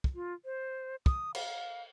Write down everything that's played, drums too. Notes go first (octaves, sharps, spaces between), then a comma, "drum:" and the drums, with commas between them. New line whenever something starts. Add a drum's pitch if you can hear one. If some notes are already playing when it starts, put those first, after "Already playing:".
drum: kick
F4
C5
D#6, drum: kick
F5, drum: cymbal